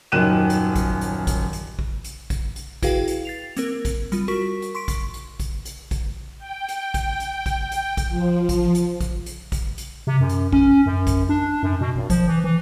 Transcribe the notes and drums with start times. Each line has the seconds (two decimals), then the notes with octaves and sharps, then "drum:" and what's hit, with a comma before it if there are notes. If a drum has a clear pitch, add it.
0.12 D#1 F#2 D#3 F#6 D#7 E7
0.50 drum: hi-hat
0.76 drum: kick, hi-hat
1.01 drum: hi-hat
1.27 drum: kick, hi-hat
1.53 drum: hi-hat
1.79 drum: kick
2.04 drum: hi-hat
2.30 drum: kick, hi-hat
2.56 drum: hi-hat
2.83 E4 F#4 G#4 B4 F5 G5, drum: kick, hi-hat
3.08 drum: hi-hat
3.25 A6 C7 F7
3.57 A#3 C4 A#4, drum: hi-hat
3.85 drum: kick, hi-hat
4.12 G3 F4, drum: hi-hat
4.28 F#4 A#4 C#6 B6
4.62 drum: hi-hat
4.75 C6 C#6 B6 D7
4.88 drum: kick, hi-hat
5.14 drum: hi-hat
5.40 drum: kick, hi-hat
5.65 drum: hi-hat
5.91 drum: kick, hi-hat
6.38 G5
6.68 drum: hi-hat
6.94 drum: kick, hi-hat
7.20 drum: hi-hat
7.46 drum: kick, hi-hat
7.72 drum: hi-hat
7.97 drum: kick, hi-hat
8.09 F3
8.49 drum: kick, hi-hat
8.75 drum: hi-hat
9.01 drum: kick, hi-hat
9.26 drum: hi-hat
9.52 drum: kick, hi-hat
9.78 drum: hi-hat
10.07 C3
10.20 F#2
10.29 drum: hi-hat
10.52 C#4, drum: kick
10.86 F#2
11.07 drum: kick, hi-hat
11.29 D4
11.63 F#2
11.81 B2
11.96 G#1
12.10 F3, drum: kick, hi-hat
12.28 E3
12.44 E3